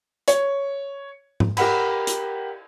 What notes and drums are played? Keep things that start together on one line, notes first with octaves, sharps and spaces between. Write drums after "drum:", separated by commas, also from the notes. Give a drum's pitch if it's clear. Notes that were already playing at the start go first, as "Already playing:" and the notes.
C#5, drum: hi-hat
drum: tom G#2
G4 A#4 F#5 B5, drum: cymbal
drum: hi-hat